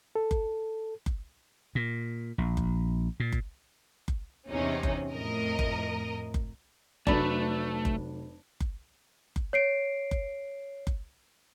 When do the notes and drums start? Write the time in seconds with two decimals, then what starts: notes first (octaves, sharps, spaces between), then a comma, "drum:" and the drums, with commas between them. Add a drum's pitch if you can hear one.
0.16 A4
0.31 drum: kick F#1
1.06 drum: kick F#1
1.75 A#2
2.38 A#1
2.57 drum: kick F#1
3.20 A#2
3.32 drum: kick F#1
4.08 drum: kick F#1
4.49 E2 C3 C#4 D#4
4.83 drum: kick F#1
5.11 F2 A2 A#4 D#5
5.59 drum: kick F#1
6.34 drum: kick F#1
7.07 F1 F#3 A3 D4 B4 A5, drum: kick F#1
7.85 drum: kick F#1
8.60 drum: kick F#1
9.36 drum: kick F#1
9.53 C#5 C7 D7
10.11 drum: kick F#1
10.87 drum: kick F#1